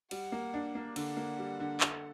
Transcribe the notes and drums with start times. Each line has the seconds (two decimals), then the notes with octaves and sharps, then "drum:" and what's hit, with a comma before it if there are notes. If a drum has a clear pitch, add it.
0.11 G3 F#5, drum: cymbal
0.32 A#3
0.54 D4
0.75 A#3
0.96 D3 F#5, drum: cymbal
1.17 A#3
1.39 G3
1.60 D3
1.80 A4, drum: clap